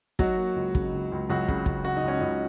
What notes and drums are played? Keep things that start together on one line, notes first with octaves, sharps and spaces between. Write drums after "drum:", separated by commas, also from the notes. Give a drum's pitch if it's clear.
F#3 D#4 F#4, drum: kick
A#3
C#2
C#3, drum: kick
C#2
C#2
C#2 F#3 F#4
C#3, drum: kick
C#2, drum: kick
C#3 F#4
D#4
C#2 C#4
C#2 D#4